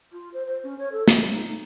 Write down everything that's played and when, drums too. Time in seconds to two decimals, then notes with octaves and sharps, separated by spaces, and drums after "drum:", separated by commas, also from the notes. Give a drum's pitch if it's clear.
0.11 F4
0.33 C5
0.45 C5
0.63 C#4
0.78 C#5
0.92 A4
1.08 G4, drum: snare
1.19 A#3
1.32 D#4
1.47 D#4